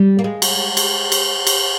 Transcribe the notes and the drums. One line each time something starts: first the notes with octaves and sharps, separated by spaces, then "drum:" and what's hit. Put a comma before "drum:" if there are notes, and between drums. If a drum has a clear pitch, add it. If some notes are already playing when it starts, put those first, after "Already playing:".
Already playing: G3
A#3
G#3
drum: cymbal
drum: cymbal
drum: cymbal
drum: cymbal